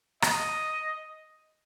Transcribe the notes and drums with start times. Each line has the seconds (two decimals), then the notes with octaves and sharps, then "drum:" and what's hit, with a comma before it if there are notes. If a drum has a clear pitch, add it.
0.22 D#5, drum: rim click